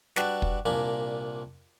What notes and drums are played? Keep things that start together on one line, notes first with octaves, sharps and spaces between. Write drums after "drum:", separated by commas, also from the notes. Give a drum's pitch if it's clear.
G3 D4 F#4 B4 D5 E5, drum: snare
drum: kick
C2 A#2 A#3 D4 G#5 B5